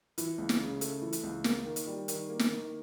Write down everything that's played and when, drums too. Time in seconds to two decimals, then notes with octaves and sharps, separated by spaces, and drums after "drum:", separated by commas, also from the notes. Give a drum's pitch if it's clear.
0.18 E3, drum: hi-hat
0.38 C#2
0.49 drum: snare
0.60 C#3
0.81 A3, drum: hi-hat
1.02 E3
1.13 drum: hi-hat
1.24 C#2
1.44 A#3, drum: snare
1.66 D#3
1.76 drum: hi-hat
1.87 G3
2.08 D#3, drum: hi-hat
2.29 A#3
2.39 drum: snare
2.50 D#3